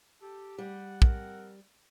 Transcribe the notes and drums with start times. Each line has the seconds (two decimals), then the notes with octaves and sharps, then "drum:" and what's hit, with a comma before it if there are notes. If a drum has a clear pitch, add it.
0.22 G4 A4
0.58 G3 F#5
1.02 F3 C4 A#4, drum: kick